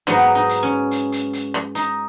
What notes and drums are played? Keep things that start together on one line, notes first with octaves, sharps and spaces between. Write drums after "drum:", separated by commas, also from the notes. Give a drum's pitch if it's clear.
G#2 F#3 B3 D#4, drum: rim click
D#4
drum: hi-hat
C#4
drum: hi-hat
drum: hi-hat
drum: hi-hat
drum: rim click
D#4, drum: hi-hat